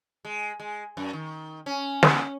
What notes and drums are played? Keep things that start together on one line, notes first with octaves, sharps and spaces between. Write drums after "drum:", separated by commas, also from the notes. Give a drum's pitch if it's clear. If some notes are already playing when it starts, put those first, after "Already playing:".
G#3
G#3
F#2
D#3
C#4
drum: snare